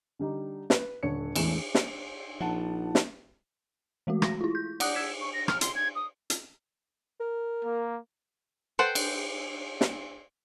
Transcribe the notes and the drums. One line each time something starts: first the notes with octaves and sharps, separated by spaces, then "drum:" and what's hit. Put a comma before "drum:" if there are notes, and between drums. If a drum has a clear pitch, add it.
D3 G3 D#4
B4, drum: snare
D#1 D3 C#5 C#7
A1 E2 E3 G#3 A3 E7, drum: cymbal
drum: snare
A#1 F3 D#4 F#5 A5
drum: snare
E3 G#3 A3 F#4
A#6, drum: rim click
E4 F4
G6
D5 F#5 D6 D#6 F#6, drum: cymbal
E6 G#6 B6 E7
C#6
A#6
F6, drum: rim click
C6, drum: hi-hat
G#6
D#6
drum: hi-hat
A#4
A#3
A4 B4 C5 F#5 G5
drum: cymbal
drum: snare